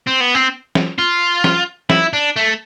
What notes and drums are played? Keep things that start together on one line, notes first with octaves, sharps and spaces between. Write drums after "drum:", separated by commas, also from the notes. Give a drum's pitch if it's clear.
C4
B3
C4
drum: snare
F4
drum: snare
E4, drum: snare
D4
A3